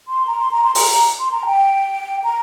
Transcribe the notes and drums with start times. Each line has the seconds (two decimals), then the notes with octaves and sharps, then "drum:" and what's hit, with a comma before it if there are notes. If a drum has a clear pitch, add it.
0.08 C6
0.27 A#5
0.39 C6
0.51 A#5
0.64 C6
0.75 A#5, drum: open hi-hat
1.20 C6
1.32 A#5
1.46 G5
2.24 A#5